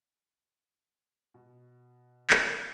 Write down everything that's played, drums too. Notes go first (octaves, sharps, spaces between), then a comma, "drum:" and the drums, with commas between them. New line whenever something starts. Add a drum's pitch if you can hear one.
B2
drum: clap